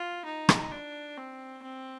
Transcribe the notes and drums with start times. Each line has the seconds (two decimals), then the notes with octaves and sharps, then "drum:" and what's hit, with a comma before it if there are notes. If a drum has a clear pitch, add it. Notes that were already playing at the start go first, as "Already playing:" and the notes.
Already playing: F4
0.25 D#4
0.49 drum: rim click
0.71 D4
1.17 C4
1.63 C4